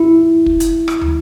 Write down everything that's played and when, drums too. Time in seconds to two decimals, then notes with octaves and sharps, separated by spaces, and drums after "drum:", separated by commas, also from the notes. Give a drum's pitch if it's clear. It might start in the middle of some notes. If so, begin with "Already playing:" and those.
Already playing: E4
0.46 drum: kick
0.60 drum: hi-hat
0.88 drum: rim click
1.01 drum: tom